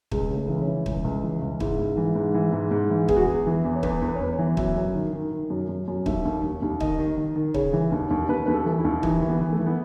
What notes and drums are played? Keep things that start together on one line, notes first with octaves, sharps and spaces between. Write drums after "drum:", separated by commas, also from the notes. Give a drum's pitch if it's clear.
C#2 G#3, drum: kick
C#3
A3
E3
C#4
E3
C#2, drum: kick
C#2
E3
C#2
G#2 E4, drum: kick
G#2
E3
G#2
E3
G#2
G#2
E3
E2 G#4, drum: kick
F#4
E2 G#4
E3
E2
C#5
E2 B4, drum: kick
E2
B4
C#5
E2 B4
C#5
E3
F#2 E5, drum: kick
F#2
D#3
D#3
D#3
F#2
F#2
F#2
D#2 E5, drum: kick
D#2
D#2
D#2
D#3 D#5, drum: kick
D#3
D#3
D#3
C#3 C#5, drum: kick
E3
D#2
D#2
D#2 B4
D#2 B4
A4
E3
E4
D#2
E3 D#4, drum: kick
E3
B3
E3
A3
E3
B3